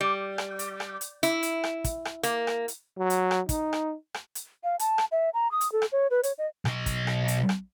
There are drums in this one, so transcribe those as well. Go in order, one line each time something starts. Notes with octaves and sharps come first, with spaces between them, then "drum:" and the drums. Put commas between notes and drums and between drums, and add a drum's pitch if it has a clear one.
G3
drum: rim click
drum: hi-hat
drum: rim click
drum: hi-hat
E4, drum: hi-hat
drum: hi-hat
drum: rim click
drum: kick, hi-hat
drum: rim click
A#3, drum: hi-hat
drum: rim click
drum: hi-hat
F#3
drum: hi-hat
drum: rim click
D#4, drum: kick, hi-hat
drum: rim click
drum: rim click
drum: hi-hat
F5
A5, drum: hi-hat
drum: rim click
E5
A#5
D#6
drum: hi-hat
A4
drum: rim click
C#5
B4
C#5, drum: hi-hat
D#5
B1 D#5, drum: rim click
drum: kick, hi-hat
drum: rim click
drum: hi-hat
drum: rim click